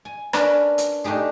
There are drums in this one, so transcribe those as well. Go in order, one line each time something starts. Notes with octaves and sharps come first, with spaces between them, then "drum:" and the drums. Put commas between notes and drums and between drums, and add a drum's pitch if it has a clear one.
G#5
C#4 D4 A#4 B4 D5, drum: rim click
drum: hi-hat
A3 D4 D#4 G4 G#4